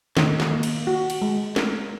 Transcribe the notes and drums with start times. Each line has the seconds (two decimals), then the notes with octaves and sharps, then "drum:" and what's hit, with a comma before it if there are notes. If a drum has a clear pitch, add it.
0.17 D#3, drum: snare
0.40 drum: snare
0.51 A#3
0.63 drum: cymbal
0.87 F#4
1.10 drum: cymbal
1.22 G#3
1.56 A#4, drum: snare